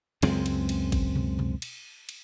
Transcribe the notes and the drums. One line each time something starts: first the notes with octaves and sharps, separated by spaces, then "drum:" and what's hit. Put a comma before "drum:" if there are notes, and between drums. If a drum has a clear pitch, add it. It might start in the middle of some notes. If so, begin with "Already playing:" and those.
C#2 F#2 G#3 C4, drum: cymbal
drum: cymbal
drum: cymbal
drum: kick, cymbal
drum: tom B2
drum: tom B2
drum: cymbal
drum: cymbal